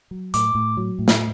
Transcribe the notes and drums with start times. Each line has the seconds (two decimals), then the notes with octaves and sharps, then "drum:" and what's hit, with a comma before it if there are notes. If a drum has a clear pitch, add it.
0.11 F#3
0.34 A2 D6, drum: hi-hat
0.55 A2
0.77 F#3
0.99 A2
1.08 drum: snare